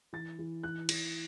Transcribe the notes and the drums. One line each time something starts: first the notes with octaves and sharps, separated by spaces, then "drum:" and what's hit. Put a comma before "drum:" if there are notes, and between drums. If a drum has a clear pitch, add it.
E3 A6
E3
E3 F#6
E3, drum: cymbal